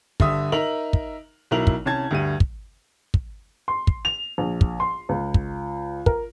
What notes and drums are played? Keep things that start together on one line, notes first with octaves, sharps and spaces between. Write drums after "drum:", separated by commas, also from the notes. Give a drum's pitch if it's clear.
G2 D3 E5 D#6, drum: kick
D#4 A#4 E5 A#5 F7 F#7
drum: kick
B1 F#3 E4 A#4 F7 F#7
drum: kick
C2 C#4 A5 G#6
D2 G2 D#7
drum: kick
drum: kick
C6
drum: kick
F7
A#1
drum: kick
C6
C#2
drum: kick
A#4, drum: kick